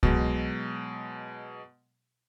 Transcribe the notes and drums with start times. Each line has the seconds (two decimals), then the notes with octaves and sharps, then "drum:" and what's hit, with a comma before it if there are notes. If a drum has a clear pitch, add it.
0.03 B2 F#3 G#3, drum: kick C2